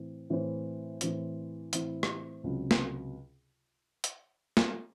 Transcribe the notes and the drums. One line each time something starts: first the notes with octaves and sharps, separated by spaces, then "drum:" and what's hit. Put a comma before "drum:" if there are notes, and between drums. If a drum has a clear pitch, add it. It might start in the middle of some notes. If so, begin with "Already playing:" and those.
Already playing: A2 E3 C4 E4
A2 E3 C4 E4 C5
A2 E3 C4 E4 C5, drum: hi-hat
A2 E3 C4 E4 C5, drum: hi-hat
drum: rim click
C#2 C3 F#3
drum: snare
drum: hi-hat
drum: snare